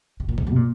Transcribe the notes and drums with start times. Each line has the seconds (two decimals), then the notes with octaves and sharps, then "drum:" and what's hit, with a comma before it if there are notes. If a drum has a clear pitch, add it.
0.20 C3
0.29 A#2
0.38 E2, drum: kick
0.47 F2
0.52 C3
0.56 A#2